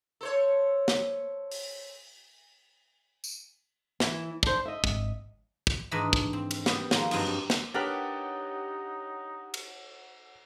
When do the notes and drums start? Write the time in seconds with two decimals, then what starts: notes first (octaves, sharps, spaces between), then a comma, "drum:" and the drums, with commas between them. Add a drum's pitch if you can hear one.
0.21 A4 C5 C#5
0.88 drum: snare
1.51 drum: open hi-hat
3.24 drum: tambourine
4.00 E3 E4, drum: snare
4.43 D4 C5, drum: kick
4.65 D#5 E5
4.84 G#1, drum: kick
5.67 drum: kick
5.91 G#2 D#3 E3 D4 A#4 D#5
6.13 drum: kick
6.33 C4
6.51 drum: cymbal
6.66 G3 B3, drum: snare
6.91 D#3 F3 G#3 A#3, drum: snare
7.11 G2 F3 F#3 C4 D#4 F4, drum: cymbal
7.27 G3
7.50 drum: snare
7.74 D4 D#4 G4 A#4 B4 C#5 F#5 A6
9.54 drum: cymbal